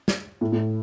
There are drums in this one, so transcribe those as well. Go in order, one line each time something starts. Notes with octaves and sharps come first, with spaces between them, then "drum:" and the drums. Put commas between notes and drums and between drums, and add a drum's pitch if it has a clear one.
drum: snare
A2
A2